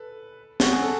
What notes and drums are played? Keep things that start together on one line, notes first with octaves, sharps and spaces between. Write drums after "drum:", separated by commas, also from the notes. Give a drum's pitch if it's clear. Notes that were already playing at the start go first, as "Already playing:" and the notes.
Already playing: A4 B4
F#4, drum: snare
G#4
A4